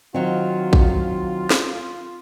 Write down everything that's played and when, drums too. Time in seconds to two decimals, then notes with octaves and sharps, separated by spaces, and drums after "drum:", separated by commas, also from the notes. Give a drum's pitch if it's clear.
0.14 D#3 F#3 C4 F4
0.73 drum: kick
1.51 drum: snare